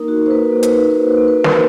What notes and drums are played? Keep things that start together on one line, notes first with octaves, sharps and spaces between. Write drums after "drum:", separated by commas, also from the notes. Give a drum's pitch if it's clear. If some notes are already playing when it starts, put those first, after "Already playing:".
Already playing: A#3 D#4 A#4
F#4
C5
A#3 B4
A#3
B4, drum: hi-hat
D#4
B4
F#4 C5
B4
A#3
B4
A#3
A#4, drum: snare